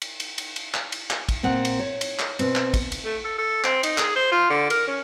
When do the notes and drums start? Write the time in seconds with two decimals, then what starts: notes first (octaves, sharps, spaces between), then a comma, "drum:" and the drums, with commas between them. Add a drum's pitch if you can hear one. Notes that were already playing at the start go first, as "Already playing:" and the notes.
0.02 drum: cymbal
0.20 drum: cymbal
0.38 drum: cymbal
0.56 drum: cymbal
0.74 drum: clap
0.92 drum: cymbal
1.10 drum: clap
1.29 drum: kick, cymbal
1.43 A#2 C4 F#5
1.65 drum: cymbal
1.79 C#5
2.01 drum: cymbal
2.19 drum: clap
2.39 B2 C4, drum: cymbal
2.55 drum: clap
2.74 drum: kick, cymbal
2.92 drum: cymbal
3.05 A3
3.25 A4
3.38 A4
3.64 C4, drum: clap
3.83 D#4, drum: cymbal
3.98 G#4, drum: clap
4.16 C5
4.32 F4
4.50 D3
4.70 A#4, drum: cymbal
4.87 C#4